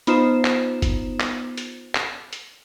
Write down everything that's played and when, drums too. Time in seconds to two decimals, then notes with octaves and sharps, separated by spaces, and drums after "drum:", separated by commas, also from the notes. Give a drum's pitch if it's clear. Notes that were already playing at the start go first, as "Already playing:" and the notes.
0.07 B3 D#4 F4 C5 A#5 E7, drum: hi-hat
0.45 drum: clap
0.82 drum: kick, hi-hat
1.20 drum: clap
1.57 drum: hi-hat
1.95 drum: clap
2.33 drum: hi-hat